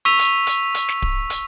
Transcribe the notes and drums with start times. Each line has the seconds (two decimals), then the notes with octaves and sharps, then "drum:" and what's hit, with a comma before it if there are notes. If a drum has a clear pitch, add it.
0.05 C#6 E6 B6 D#7 F7
0.19 drum: hi-hat
0.47 drum: hi-hat
0.75 drum: hi-hat
0.88 drum: snare
1.02 drum: kick D1
1.30 drum: hi-hat